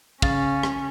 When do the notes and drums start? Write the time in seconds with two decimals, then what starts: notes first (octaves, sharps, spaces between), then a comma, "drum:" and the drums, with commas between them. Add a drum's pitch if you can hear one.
0.22 C#3 C#4 F5 A6, drum: kick
0.63 drum: rim click